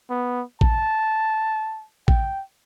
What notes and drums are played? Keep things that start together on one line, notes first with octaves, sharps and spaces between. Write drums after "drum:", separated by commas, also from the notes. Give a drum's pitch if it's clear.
B3
A5, drum: kick A1
G5, drum: kick A1